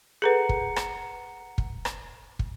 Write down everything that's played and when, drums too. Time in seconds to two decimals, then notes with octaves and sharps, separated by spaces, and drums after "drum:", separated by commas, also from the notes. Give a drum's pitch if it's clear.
0.22 G#4 A4 B4 F#5 A#5 C#7
0.49 drum: kick
0.76 drum: rim click
1.58 drum: kick
1.85 drum: rim click
2.39 drum: kick